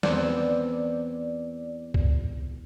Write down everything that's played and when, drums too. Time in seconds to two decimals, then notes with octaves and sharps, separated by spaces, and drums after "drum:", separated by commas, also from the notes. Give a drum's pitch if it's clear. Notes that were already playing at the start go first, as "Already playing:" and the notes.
0.03 E2 C4 D5, drum: snare
1.94 drum: kick C2